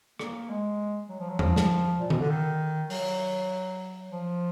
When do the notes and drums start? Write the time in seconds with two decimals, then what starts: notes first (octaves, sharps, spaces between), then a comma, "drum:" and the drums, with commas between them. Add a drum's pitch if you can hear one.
0.19 A#3, drum: rim click
0.50 G#3
1.09 F#3
1.19 F3
1.29 F#3
1.39 F3, drum: tom E2
1.56 drum: snare
2.00 A#2
2.10 B2, drum: tom D#3
2.20 D3
2.30 D#3
2.90 F#3, drum: open hi-hat
4.11 F3